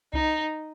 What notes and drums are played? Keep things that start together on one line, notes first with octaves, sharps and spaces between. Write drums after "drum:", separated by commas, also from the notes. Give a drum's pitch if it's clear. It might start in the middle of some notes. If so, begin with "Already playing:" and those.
D#4, drum: kick C2